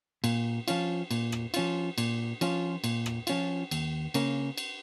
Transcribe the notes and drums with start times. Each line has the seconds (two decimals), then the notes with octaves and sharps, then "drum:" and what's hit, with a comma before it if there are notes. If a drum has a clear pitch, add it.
0.24 A#2, drum: cymbal
0.68 F3 C#4 F4, drum: cymbal
1.11 A#2, drum: cymbal
1.32 drum: rim click
1.54 F3 C#4 F4, drum: cymbal
1.98 A#2, drum: cymbal
2.41 F3 C#4 F4, drum: cymbal
2.84 A#2, drum: cymbal
3.06 drum: rim click
3.27 F3 C#4 F4, drum: cymbal
3.71 D#2, drum: cymbal
4.14 C#3 A#3 C#4, drum: cymbal
4.58 drum: cymbal